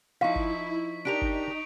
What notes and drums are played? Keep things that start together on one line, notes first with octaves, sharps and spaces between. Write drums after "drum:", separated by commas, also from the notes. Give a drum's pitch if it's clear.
F3 D#4 E4 F5 C#6 B6
drum: kick G1
D4 D#4 G4 A#4 D7 F7
drum: kick G1